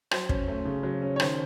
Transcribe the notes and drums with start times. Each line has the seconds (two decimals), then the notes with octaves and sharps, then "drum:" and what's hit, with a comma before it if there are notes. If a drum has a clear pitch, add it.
0.11 F#3 C5, drum: rim click
0.29 C#4, drum: kick
0.48 A3
0.65 C#3
0.83 F#3
1.02 C#4
1.16 C#5
1.20 D#3 C5, drum: rim click